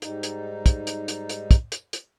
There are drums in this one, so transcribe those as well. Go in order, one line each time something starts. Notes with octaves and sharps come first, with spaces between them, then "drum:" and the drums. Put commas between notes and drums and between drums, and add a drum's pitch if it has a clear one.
G#2 G3 D#4, drum: hi-hat
drum: hi-hat
drum: kick, hi-hat
drum: hi-hat
drum: hi-hat
drum: hi-hat
drum: kick, hi-hat
drum: hi-hat
drum: hi-hat